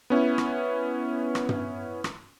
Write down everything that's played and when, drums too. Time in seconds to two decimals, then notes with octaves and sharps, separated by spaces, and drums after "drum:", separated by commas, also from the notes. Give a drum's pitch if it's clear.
0.10 B3 C#4 E4
0.38 drum: rim click
1.35 drum: rim click
1.49 drum: tom
2.04 drum: rim click